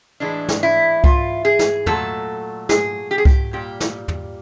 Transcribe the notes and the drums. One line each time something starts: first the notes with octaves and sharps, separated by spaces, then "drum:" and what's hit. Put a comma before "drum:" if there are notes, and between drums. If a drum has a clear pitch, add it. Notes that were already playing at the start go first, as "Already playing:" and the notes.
A2 E3 G#3 D4
drum: snare
E4
F4, drum: kick C2
G#4
drum: snare
A#2 F#3 A3 A4, drum: tom
G#4, drum: snare
G4
G#4
G4, drum: kick C2
A#2 G3 G4
drum: snare
drum: tom